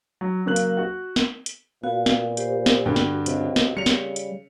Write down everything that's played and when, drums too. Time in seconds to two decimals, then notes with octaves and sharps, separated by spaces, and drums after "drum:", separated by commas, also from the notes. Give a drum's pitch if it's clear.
0.21 F#3
0.46 C#3 F#3 A#3 F#6 F#7
0.56 drum: hi-hat
0.77 F#4 F#5
1.16 drum: snare
1.46 drum: hi-hat
1.83 A#2 B3 F#4 F5
2.06 drum: snare
2.37 G4 C5, drum: hi-hat
2.66 drum: snare
2.86 G2 D3 F#4 G5
2.96 drum: snare
3.26 C#2 C3, drum: hi-hat
3.56 drum: snare
3.77 C#3 G3 C#7 F7
3.86 drum: snare
4.16 drum: hi-hat